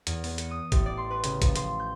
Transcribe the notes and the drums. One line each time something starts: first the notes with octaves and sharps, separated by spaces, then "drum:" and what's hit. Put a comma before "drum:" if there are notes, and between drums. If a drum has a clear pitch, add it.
E2, drum: hi-hat
B3, drum: open hi-hat
C#7, drum: hi-hat
D#6
A1, drum: kick, hi-hat
D5
C6
B4
C#3, drum: hi-hat
F3, drum: kick, hi-hat
C6, drum: hi-hat
G6